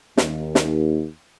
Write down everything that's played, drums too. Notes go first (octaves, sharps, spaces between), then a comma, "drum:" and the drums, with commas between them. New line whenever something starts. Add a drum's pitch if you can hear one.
D#2, drum: snare
drum: snare